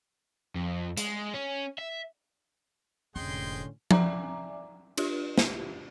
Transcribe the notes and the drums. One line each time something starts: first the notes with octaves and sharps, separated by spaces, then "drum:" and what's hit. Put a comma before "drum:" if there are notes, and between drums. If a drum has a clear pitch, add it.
F2
G#3, drum: hi-hat
C#4
E5
F1 A2 D3 G#3 C#4 G5 C6
D5 E5 G#5 A#5 D6, drum: tom F3
D4 F4 G4, drum: cymbal
drum: snare